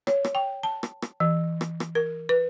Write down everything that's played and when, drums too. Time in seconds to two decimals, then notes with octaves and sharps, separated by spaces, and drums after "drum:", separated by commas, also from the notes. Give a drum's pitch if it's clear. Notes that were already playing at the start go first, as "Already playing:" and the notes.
0.07 C#5, drum: rim click
0.24 drum: rim click
0.35 G5
0.63 A5
0.83 drum: rim click
1.02 drum: rim click
1.20 E3
1.61 drum: rim click
1.80 drum: rim click
1.95 A#4
2.29 B4